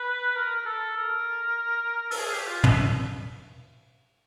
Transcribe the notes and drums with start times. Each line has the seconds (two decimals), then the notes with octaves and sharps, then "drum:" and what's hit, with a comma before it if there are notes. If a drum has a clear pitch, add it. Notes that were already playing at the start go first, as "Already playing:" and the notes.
Already playing: B4
0.36 A#4
0.55 A#4
0.65 A4
0.96 A#4
2.11 A4, drum: open hi-hat
2.18 G#4
2.33 G4
2.47 F4
2.64 E4, drum: tom